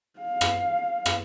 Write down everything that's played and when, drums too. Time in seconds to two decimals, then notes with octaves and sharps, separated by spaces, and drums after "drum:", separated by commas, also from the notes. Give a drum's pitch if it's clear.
0.19 F5
0.41 drum: rim click
1.06 drum: rim click